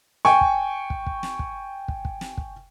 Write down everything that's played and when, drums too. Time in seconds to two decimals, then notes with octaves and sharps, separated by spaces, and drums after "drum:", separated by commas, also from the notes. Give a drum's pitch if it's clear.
0.25 G5 G#5 C#6, drum: snare
0.41 drum: kick
0.90 drum: kick
1.07 drum: kick
1.23 drum: snare
1.39 drum: kick
1.88 drum: kick
2.05 drum: kick
2.21 drum: snare
2.37 drum: kick